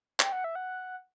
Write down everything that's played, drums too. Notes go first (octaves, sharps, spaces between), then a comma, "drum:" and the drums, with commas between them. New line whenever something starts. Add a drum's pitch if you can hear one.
G5, drum: clap
F#5
E5
F#5